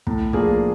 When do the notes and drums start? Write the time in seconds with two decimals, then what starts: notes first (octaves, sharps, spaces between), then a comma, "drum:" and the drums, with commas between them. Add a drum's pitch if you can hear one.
0.07 A2, drum: kick
0.33 F3 A#3 D4 G#4, drum: kick